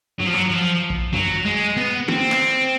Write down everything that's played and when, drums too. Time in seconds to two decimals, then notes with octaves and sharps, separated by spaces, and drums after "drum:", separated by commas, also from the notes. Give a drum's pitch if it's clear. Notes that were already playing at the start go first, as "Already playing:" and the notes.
0.20 F#3, drum: tom G2
0.27 F3
0.34 F#3
0.51 F3
0.90 drum: kick
1.14 F#3, drum: tom F#2
1.45 G#3
1.77 B3
2.08 C4, drum: tom
2.32 drum: clap